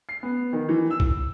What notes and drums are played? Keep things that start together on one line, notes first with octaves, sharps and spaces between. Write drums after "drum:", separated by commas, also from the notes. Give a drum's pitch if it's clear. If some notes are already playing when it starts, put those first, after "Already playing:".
C7
B3
D#3
E3
E6
drum: kick B1